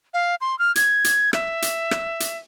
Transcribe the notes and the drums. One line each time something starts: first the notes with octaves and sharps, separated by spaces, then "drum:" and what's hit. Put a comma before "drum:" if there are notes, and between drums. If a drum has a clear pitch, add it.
F5
C6
F6
G#6, drum: hi-hat
drum: hi-hat
E5, drum: rim click
drum: hi-hat
drum: rim click
drum: hi-hat